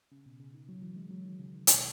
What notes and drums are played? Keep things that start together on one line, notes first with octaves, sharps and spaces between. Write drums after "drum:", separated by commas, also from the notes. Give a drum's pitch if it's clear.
C#3
B2
C#3
D#3
F#3
E3
G#3
F#3
D#3
C#3
D#3
B2, drum: hi-hat